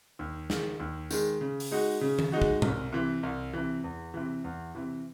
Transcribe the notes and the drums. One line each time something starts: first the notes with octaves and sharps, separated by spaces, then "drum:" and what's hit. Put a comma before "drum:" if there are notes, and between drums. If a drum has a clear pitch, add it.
D#2
D#3 G#3, drum: snare
D#2
D#3 G#3, drum: tambourine
C#3
drum: open hi-hat
G#3 D#4 F#4
C#3
drum: tom
G#3 D#4 F#4
drum: kick
C2, drum: tom A#2
C3 E3
C2
C3 E3
E2
C3 E3
E2
C3 E3